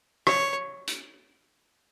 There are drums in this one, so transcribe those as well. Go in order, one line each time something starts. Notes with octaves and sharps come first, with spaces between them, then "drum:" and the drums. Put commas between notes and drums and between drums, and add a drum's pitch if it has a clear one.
C#5, drum: rim click
drum: hi-hat